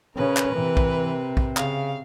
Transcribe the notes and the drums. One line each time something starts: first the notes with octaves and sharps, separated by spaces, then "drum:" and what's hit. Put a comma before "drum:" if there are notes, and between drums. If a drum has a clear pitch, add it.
C#3 C#4 A#4 B4
drum: clap
C3 E3
drum: kick
drum: kick
C#3 F5, drum: clap